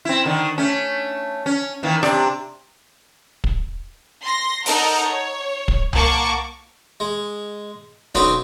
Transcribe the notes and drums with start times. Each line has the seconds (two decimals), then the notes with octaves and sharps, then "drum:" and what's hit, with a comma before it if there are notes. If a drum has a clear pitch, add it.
0.05 C4 E4
0.25 D3 D#3
0.58 A3 C#4
1.46 C#4
1.83 D#3 E3 A#3
2.03 C3 D4 D5, drum: rim click
3.44 drum: kick
4.24 C6 A#6
4.66 D#4 A4 A#4 F#5 A#5, drum: open hi-hat
5.04 C#5
5.68 drum: kick
5.93 A#3 F#5 A5 C#6 D6, drum: tom C2
7.00 G#3
8.15 B1 C4 C#4 F#4 B4 D#6, drum: snare